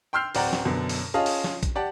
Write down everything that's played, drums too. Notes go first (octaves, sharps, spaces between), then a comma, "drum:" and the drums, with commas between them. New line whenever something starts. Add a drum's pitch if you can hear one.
G5 C6 E6 F6 G6 C7
D1 C4 D5 F#5 G5 A#5, drum: open hi-hat
drum: snare
F#2 B2 D3
drum: open hi-hat
C#4 F4 G#4 D#5 F5 A5
drum: open hi-hat
drum: snare
drum: kick, hi-hat
G4 D5 F#5 A5